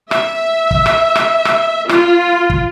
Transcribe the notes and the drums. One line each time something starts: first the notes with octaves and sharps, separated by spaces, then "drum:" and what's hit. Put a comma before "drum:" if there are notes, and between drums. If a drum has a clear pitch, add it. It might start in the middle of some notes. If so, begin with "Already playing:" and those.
E5, drum: rim click
drum: kick
drum: rim click
drum: rim click
drum: rim click
F4, drum: rim click
drum: kick